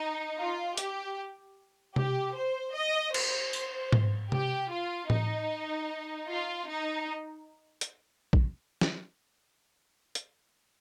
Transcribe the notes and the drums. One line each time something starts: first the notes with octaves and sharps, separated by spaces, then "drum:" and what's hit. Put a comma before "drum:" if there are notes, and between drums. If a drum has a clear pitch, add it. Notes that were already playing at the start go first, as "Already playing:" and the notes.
Already playing: D#4
F4
G4, drum: hi-hat
G4, drum: tom C3
C5
D#5
C5, drum: cymbal
drum: tambourine
drum: tom G#2
G4, drum: tom C3
F4
D#4, drum: tom A2
F4
D#4
drum: hi-hat
drum: kick A#1
drum: snare
drum: hi-hat